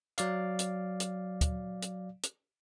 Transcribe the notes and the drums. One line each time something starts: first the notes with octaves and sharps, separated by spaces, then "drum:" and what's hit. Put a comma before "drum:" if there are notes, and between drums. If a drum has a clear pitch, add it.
F#3 D5 F5, drum: hi-hat
drum: hi-hat
drum: hi-hat
drum: kick, hi-hat
drum: hi-hat
drum: hi-hat